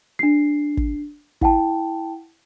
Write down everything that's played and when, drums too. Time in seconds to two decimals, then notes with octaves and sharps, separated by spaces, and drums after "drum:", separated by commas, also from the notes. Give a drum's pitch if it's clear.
0.19 D4 C7
0.77 drum: kick
1.41 E4 F#5 G5 A5, drum: kick